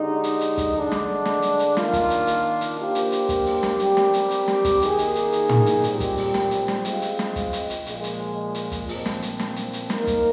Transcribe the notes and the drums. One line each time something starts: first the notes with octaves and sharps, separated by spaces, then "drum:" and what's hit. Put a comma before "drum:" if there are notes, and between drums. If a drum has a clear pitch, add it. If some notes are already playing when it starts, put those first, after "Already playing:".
Already playing: D3 G#3 D#4 G4
drum: hi-hat
drum: hi-hat
drum: kick, hi-hat
D3 G#3 D4
drum: snare
drum: snare
drum: hi-hat
drum: hi-hat
D#3 A#3 D4 F4, drum: snare
drum: kick, hi-hat
drum: hi-hat
drum: hi-hat
drum: hi-hat
A#3 D4 G4 C5
drum: hi-hat
drum: hi-hat
drum: kick, hi-hat
drum: open hi-hat
drum: snare
G3 C4 G4 A#4, drum: hi-hat
drum: snare
drum: hi-hat
drum: hi-hat
drum: snare
drum: kick, hi-hat
D#3 A#3 D#4 G#4, drum: hi-hat
drum: hi-hat
drum: hi-hat
drum: hi-hat
drum: tom
drum: hi-hat
A#2 G3 C4 G4, drum: hi-hat
drum: kick, hi-hat
drum: open hi-hat
drum: snare
drum: hi-hat
drum: snare
G#3 C4 F4, drum: hi-hat
drum: hi-hat
drum: snare
drum: kick, hi-hat
drum: hi-hat
drum: hi-hat
A#2 F3 G#3, drum: hi-hat
drum: hi-hat
drum: hi-hat
drum: kick, hi-hat
A#2 F3 C4, drum: open hi-hat
drum: snare
drum: hi-hat
drum: snare
drum: hi-hat
drum: hi-hat
A#3 D#4 A#4, drum: snare
drum: kick, hi-hat